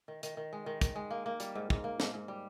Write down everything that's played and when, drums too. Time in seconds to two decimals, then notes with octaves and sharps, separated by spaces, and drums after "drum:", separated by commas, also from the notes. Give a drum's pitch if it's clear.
0.08 D#3
0.23 D#3, drum: hi-hat
0.37 D#3
0.53 G#3
0.66 D#3
0.81 D#3, drum: kick, hi-hat
0.96 G#3
1.10 A#3
1.26 A#3
1.40 G3, drum: hi-hat
1.55 G#2
1.70 G#2, drum: kick
1.84 A#3
2.00 G#2, drum: snare
2.14 G#2
2.28 G3